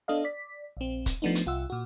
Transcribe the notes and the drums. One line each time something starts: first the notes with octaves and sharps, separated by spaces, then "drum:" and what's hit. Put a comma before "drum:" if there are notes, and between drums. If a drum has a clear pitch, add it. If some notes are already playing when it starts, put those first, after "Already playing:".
B3 D4 A4 D#5 F5
D5 B6
A#1 C4
drum: kick, hi-hat
F3 A3 B3 D4 D#4
drum: hi-hat
C2 F4 F#5 E6
A#2 F#4